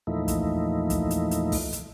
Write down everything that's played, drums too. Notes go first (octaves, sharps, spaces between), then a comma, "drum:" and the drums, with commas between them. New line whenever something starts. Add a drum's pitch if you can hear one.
E2 A#2 F3 A3 D#4 E4
drum: kick, hi-hat
drum: kick, hi-hat
drum: hi-hat
drum: hi-hat
drum: kick, open hi-hat
drum: hi-hat